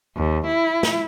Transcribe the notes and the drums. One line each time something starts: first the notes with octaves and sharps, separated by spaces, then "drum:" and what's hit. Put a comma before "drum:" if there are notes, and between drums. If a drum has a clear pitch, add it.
D#2
E4
drum: snare